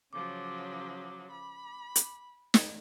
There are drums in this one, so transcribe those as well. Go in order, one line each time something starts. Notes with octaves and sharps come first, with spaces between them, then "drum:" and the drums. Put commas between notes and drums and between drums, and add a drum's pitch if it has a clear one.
C#3 F3 F#3 D6
B5
drum: hi-hat
drum: snare